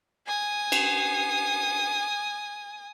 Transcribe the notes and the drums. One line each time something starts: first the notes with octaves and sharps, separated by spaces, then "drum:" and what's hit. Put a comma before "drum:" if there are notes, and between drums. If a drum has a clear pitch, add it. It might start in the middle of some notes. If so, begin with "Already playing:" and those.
G#5 D#6
drum: cymbal